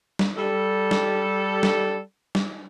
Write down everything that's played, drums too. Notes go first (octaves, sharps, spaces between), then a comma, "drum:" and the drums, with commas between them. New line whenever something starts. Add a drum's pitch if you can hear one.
drum: snare
G3 A4
drum: snare
drum: snare
drum: snare